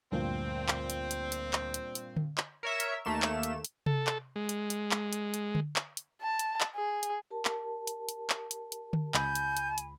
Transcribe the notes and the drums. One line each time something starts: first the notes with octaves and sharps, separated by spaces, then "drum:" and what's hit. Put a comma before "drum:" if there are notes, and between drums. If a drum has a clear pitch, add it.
D2 G2 A#2 C4
drum: clap
drum: hi-hat
drum: hi-hat
drum: hi-hat
drum: clap
drum: hi-hat
drum: hi-hat
drum: tom D3
drum: clap
A#4 C#5 E5
drum: hi-hat
D#2 A3 A#3 E7
drum: clap
drum: hi-hat
drum: hi-hat
A4, drum: tom C3
drum: clap
G#3
drum: hi-hat
drum: hi-hat
drum: clap
drum: hi-hat
drum: hi-hat
drum: tom D3
drum: clap
drum: hi-hat
A5
drum: hi-hat
drum: clap
G#4
drum: hi-hat
G4 A#4 A5
drum: clap
drum: hi-hat
drum: hi-hat
drum: clap
drum: hi-hat
drum: hi-hat
drum: tom D3
C#2 G#5 B5 G6, drum: clap
drum: hi-hat
drum: hi-hat
drum: hi-hat